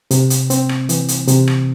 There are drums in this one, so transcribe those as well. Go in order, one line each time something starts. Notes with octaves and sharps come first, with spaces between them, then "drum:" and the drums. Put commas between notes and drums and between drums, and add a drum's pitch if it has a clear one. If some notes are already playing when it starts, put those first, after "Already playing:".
C3, drum: hi-hat
drum: hi-hat
C4, drum: hi-hat
drum: rim click
E3, drum: hi-hat
drum: hi-hat
C3, drum: hi-hat
drum: rim click